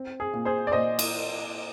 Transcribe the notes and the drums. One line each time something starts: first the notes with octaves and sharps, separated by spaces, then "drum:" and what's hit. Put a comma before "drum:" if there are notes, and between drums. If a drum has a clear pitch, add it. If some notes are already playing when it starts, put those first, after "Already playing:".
Already playing: C4
G#4
A#2
G#4 C5
D5
A#2 C5 D#5
drum: cymbal